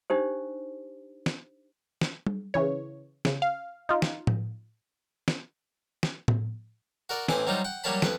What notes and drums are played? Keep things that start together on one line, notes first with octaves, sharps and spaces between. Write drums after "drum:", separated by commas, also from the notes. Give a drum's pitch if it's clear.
D4 D#4 G4 C5
drum: snare
drum: snare
drum: tom G3
C#3 E3 C#5
C#3, drum: snare
F5
D#4 F4
drum: snare
drum: tom A2
drum: snare
drum: snare
drum: tom A2
F#4 A#4 D5
A1 E3 C4 G#5 D6, drum: snare
F#3 G3 C4 D#4 F4
F#5 G5
F#3 G3 A#3 C#5 A5 B5
F2 B4, drum: snare